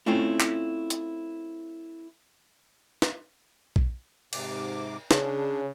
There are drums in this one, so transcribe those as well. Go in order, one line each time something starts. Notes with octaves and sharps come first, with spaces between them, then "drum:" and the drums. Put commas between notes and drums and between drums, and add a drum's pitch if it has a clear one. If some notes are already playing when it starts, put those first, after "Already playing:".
A3 C4 C#4 E4 F4
drum: clap
drum: hi-hat
drum: snare
drum: kick A#1
G#2 C3 D6, drum: cymbal
C#3 D4, drum: snare